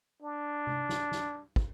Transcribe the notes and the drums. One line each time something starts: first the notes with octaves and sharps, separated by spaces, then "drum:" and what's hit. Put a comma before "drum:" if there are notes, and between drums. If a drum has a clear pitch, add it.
D4
drum: tom C3
drum: snare
drum: snare
drum: kick